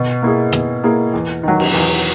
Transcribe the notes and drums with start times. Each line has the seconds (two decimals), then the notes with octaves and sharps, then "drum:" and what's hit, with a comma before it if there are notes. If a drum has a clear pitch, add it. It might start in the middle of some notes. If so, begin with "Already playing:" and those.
Already playing: B2
0.22 A#3 E4 G#4
0.52 B2, drum: rim click
0.84 A#3 E4 G#4
1.13 E2
1.43 D#3 F#3
1.60 drum: cymbal
1.74 E2